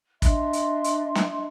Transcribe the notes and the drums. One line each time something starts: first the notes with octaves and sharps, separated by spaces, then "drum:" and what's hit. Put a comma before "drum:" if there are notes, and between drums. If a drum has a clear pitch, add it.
D4 D#5 E5 C6, drum: kick, hi-hat
drum: hi-hat
drum: hi-hat
drum: snare